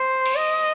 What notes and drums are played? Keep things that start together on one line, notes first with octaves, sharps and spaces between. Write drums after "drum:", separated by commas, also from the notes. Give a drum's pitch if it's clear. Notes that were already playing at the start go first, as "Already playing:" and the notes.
Already playing: C5
drum: cymbal
D#5